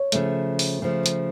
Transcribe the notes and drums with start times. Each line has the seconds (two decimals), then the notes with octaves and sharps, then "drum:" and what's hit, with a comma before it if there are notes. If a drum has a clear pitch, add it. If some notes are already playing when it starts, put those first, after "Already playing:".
Already playing: C#5
0.12 C#3 F3 A3, drum: hi-hat
0.59 drum: open hi-hat
0.82 C#3 F3 A3
1.06 drum: hi-hat